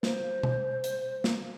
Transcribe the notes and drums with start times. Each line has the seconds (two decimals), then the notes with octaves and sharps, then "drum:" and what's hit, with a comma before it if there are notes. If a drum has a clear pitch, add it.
0.03 C5, drum: snare
0.43 drum: tom B2
0.84 drum: hi-hat
1.24 drum: snare